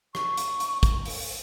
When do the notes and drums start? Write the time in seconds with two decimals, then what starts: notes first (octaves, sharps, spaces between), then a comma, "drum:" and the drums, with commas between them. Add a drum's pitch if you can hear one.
0.15 C#6, drum: rim click
0.37 drum: hi-hat
0.60 drum: hi-hat
0.83 drum: kick, hi-hat
1.05 drum: open hi-hat